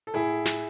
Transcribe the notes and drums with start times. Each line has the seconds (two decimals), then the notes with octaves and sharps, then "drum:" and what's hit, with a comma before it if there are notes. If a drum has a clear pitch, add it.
0.07 A4
0.14 A2 E4 G#4
0.45 drum: snare